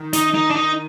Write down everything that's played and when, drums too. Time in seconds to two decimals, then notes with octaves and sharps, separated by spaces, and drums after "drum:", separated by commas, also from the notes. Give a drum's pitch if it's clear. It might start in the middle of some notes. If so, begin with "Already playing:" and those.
Already playing: D#3
0.13 D#4, drum: hi-hat
0.34 D#4
0.50 D4
0.56 D#4